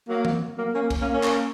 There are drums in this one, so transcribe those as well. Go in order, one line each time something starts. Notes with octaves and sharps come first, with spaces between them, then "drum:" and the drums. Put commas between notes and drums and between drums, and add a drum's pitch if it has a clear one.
F#3 A#3
drum: tom E3
F#3 A#3
A#3 C#4
drum: kick, cymbal
A#3 C#4
A#3 C#4
drum: clap